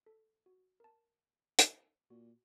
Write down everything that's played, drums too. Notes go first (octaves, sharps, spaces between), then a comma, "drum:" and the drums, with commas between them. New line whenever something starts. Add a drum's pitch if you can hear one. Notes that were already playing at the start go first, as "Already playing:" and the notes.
A4
F#4
A#4 A5
drum: hi-hat
A#2 F#4